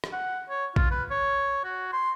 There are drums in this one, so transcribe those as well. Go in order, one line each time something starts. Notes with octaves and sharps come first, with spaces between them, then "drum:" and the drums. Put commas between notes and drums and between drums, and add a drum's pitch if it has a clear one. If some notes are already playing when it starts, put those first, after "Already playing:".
drum: rim click
F#5
C#5
F4, drum: kick
B4
C#5
F#4
C6